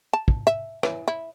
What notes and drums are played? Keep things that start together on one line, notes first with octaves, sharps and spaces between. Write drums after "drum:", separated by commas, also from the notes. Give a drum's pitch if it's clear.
A5
drum: kick
E5
E3, drum: rim click
E4